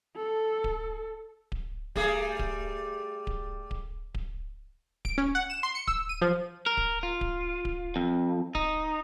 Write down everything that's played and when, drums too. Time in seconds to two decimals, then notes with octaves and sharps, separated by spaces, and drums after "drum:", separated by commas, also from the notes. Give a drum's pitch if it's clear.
0.16 A4
0.64 drum: kick D1
1.52 drum: kick D1
1.96 G3 A3 G#4, drum: kick D1
2.39 drum: kick D1
3.27 drum: kick D1
3.71 drum: kick D1
4.15 drum: kick D1
5.05 D7, drum: kick D1
5.18 C#4
5.35 F#5
5.50 E7
5.63 C6
5.75 C#7
5.87 E6, drum: kick D1
6.09 D#7
6.22 F3
6.66 A#4
6.77 drum: kick D1
7.03 F4
7.21 drum: kick D1
7.65 drum: kick D1
7.96 F2
8.55 D#4, drum: kick D1